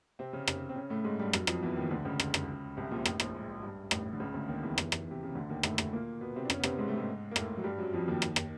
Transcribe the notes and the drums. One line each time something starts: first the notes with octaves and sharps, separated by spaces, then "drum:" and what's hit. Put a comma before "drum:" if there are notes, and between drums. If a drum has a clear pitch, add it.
C3 C4
C#3 C#4
drum: rim click
C4
C#3 C#4
A2 A3
G#2 G#3
G2 G3
F#2 F#3, drum: rim click
F2 F3, drum: rim click
E2 E3
D#2 D#3
D2 D3
C#2 C#3
drum: rim click
drum: rim click
C2 C3
A#1 A#2
A1 A2, drum: rim click
A#1 A#2, drum: rim click
G#2
G2
A1 A2, drum: rim click
D3
C#2 C#3
D2 D3
D#2 D#3
E2 E3
drum: rim click
drum: rim click
C3
C#3
D2 D3
D#2 D#3
A2 A3, drum: rim click
drum: rim click
A#2 A#3
B2 B3
C3 C4
D4
C#3 C#4, drum: rim click
B3
C3 C4, drum: rim click
G#2 G#3
A2 A3
G#2 G#3
A#3
A2 A3, drum: rim click
F#3
G2 G3
F#2 F#3
F2 F3
D#2 D#3
drum: rim click
drum: rim click